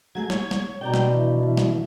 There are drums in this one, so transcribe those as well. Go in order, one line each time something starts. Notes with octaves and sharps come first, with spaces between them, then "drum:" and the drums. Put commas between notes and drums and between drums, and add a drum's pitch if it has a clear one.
F#3 A3 G#4 G#6
C#5, drum: snare
drum: snare
B2 D4 D5 G5 A#5
drum: snare
E3
E3
drum: snare